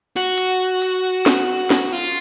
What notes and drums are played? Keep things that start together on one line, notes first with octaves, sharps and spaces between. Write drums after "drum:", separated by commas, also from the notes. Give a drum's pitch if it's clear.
F#4
drum: hi-hat
drum: hi-hat
drum: snare
drum: snare
F4